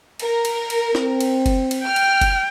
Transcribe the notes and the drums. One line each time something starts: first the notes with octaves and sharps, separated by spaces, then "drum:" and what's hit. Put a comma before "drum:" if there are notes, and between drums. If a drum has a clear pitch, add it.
A#4, drum: cymbal
drum: cymbal
drum: cymbal
C4, drum: snare
drum: cymbal
drum: kick F#1, cymbal
drum: cymbal
G5 F6
drum: cymbal
drum: kick F#1, cymbal